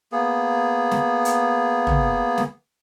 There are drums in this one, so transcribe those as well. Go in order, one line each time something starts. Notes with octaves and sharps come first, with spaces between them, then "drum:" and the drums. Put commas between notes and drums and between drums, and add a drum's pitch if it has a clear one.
A#3 B3 G#4
drum: snare
drum: hi-hat
drum: tom
drum: snare